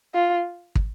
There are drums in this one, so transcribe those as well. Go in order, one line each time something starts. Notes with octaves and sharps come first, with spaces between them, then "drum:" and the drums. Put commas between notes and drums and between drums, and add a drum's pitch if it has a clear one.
F4
drum: kick